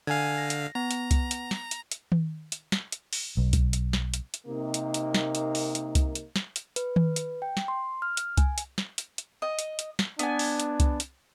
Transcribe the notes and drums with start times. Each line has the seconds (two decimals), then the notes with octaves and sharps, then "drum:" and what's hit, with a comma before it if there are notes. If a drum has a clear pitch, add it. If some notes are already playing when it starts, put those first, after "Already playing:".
0.07 D3 F5 G#5 G#6
0.38 A#6
0.50 drum: hi-hat
0.75 B3 A#5
0.91 drum: hi-hat
1.11 drum: kick C2, hi-hat
1.31 drum: hi-hat
1.51 drum: snare
1.71 drum: hi-hat
1.91 drum: hi-hat
2.12 drum: tom D#3
2.52 drum: hi-hat
2.72 drum: snare
2.92 drum: hi-hat
3.13 drum: open hi-hat
3.37 B1
3.53 drum: kick C2, hi-hat
3.73 drum: hi-hat
3.93 drum: snare
4.14 drum: hi-hat
4.34 drum: hi-hat
4.47 C3 A#3 D#4
4.74 drum: hi-hat
4.94 drum: hi-hat
5.14 drum: snare
5.35 drum: hi-hat
5.55 drum: open hi-hat
5.75 drum: hi-hat
5.95 drum: kick C2, hi-hat
6.15 drum: hi-hat
6.36 drum: snare
6.56 drum: hi-hat
6.76 B4, drum: hi-hat
6.96 drum: tom D#3
7.16 drum: hi-hat
7.42 G5
7.57 drum: snare
7.68 C6
8.02 F6
8.17 drum: hi-hat
8.37 G#5, drum: kick C2, hi-hat
8.58 drum: hi-hat
8.78 drum: snare
8.98 drum: hi-hat
9.18 drum: hi-hat
9.42 D#5
9.59 drum: hi-hat
9.79 drum: hi-hat
9.99 drum: snare
10.19 B3 D4 G#5, drum: hi-hat
10.39 drum: open hi-hat
10.60 drum: hi-hat
10.80 drum: kick C2, hi-hat
11.00 drum: hi-hat